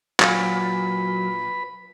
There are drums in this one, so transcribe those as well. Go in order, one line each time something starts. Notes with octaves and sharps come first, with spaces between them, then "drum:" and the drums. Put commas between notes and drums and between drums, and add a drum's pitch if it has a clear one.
A#2 F#3 B4 B5, drum: clap